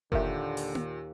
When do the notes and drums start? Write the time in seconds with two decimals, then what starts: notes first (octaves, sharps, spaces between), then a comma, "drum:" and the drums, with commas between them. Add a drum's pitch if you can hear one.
0.12 D#2 A#2 D3 G4 A#4 E5, drum: kick F#1
0.57 drum: open hi-hat
0.75 drum: tom A#3